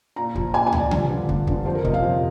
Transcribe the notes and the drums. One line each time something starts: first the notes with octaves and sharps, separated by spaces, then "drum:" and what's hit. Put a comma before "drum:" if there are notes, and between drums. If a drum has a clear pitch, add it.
A#2 A#5
F3, drum: kick
A#2 G#5
G#5
F3, drum: tom
D5
G2, drum: tom C3
D3 F3
G2, drum: kick
D3 F3, drum: kick
F2 C5
A#4
C3 F3 D#5, drum: kick
F5
F2 C5